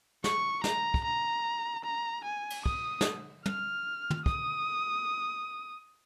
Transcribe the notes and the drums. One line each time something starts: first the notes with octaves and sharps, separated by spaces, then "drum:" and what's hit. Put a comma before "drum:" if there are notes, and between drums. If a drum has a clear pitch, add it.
C#6, drum: snare
A#5, drum: snare
drum: kick
A#5
A#5
G#5
drum: cymbal
D#6, drum: kick
drum: snare
F6, drum: tom
drum: tom
D#6, drum: kick